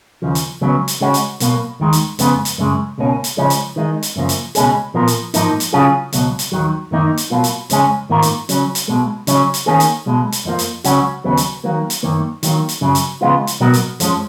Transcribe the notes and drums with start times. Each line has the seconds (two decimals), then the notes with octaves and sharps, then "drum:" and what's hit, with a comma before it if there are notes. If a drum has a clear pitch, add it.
0.22 D#2 C#3 F3
0.35 drum: hi-hat
0.61 C#2 C#3 F#3 B3
0.88 drum: hi-hat
1.01 C#3 G#3 C#4 F#4
1.14 drum: hi-hat
1.40 B1 B2 A#3, drum: hi-hat
1.80 D#2 D#3 G#3
1.93 drum: hi-hat
2.19 F2 C#3 G#3 B3, drum: hi-hat
2.45 drum: hi-hat
2.58 F#2 C#3 G#3
2.98 C#2 B2 A#3 C#4
3.24 drum: hi-hat
3.37 C#2 C#3 F3 G#3 C#4
3.50 drum: hi-hat
3.76 D#3 G#3 D#4
4.03 drum: hi-hat
4.16 F#2 C#3 F3 A#3
4.29 drum: hi-hat
4.55 C#2 B2 G#3 C#4 G#4, drum: hi-hat
4.94 A#2 F3 B3 F4 A#4
5.08 drum: hi-hat
5.34 G#2 F3 A#3 D#4 A#4, drum: hi-hat
5.60 drum: hi-hat
5.73 C#3 F#3 C#4 F4 G#4
6.13 C#2 B2 F#3, drum: hi-hat
6.39 drum: hi-hat
6.52 D#2 D#3 F#3
6.91 F#2 D#3 A#3 D#4
7.17 drum: hi-hat
7.30 B2 F#3 A#3 F4
7.44 drum: hi-hat
7.70 F2 C#3 G#3 C#4 G#4, drum: hi-hat
8.09 G#2 D#3 A#3 F4 A#4
8.22 drum: hi-hat
8.49 C#3 F#3 C#4, drum: hi-hat
8.75 drum: hi-hat
8.88 B1 B2 G#3
9.27 C#3 F#3 C#4, drum: hi-hat
9.54 drum: hi-hat
9.66 D#3 A#3 C#4 G#4
9.80 drum: hi-hat
10.06 B1 B2 G#3
10.32 drum: hi-hat
10.45 F2 F3 A#3
10.59 drum: hi-hat
10.84 C#2 C#3 F#3 C#4 F#4, drum: hi-hat
11.24 D#2 C#3 F#3 B3
11.37 drum: hi-hat
11.64 D#3 F#3 A#3
11.90 drum: hi-hat
12.03 F#2 D#3 A#3
12.43 D#3 F#3 A#3, drum: hi-hat
12.69 drum: hi-hat
12.81 F#2 C#3 F#3
12.95 drum: hi-hat
13.21 C#3 F3 G#3 B3 F4
13.47 drum: hi-hat
13.60 B2 F#3 B3 F#4 A#4
13.74 drum: hi-hat
14.00 F2 F3 G#3 C#4, drum: hi-hat